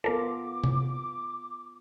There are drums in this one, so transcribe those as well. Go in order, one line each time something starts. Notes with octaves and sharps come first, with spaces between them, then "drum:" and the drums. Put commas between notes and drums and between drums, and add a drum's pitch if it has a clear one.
B3 F4 A4 A#4 D6
drum: tom C3